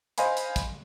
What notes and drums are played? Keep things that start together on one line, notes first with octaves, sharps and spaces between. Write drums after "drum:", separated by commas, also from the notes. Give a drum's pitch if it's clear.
C5 D#5 F5 G#5 B5 C6, drum: hi-hat
drum: hi-hat
drum: kick, hi-hat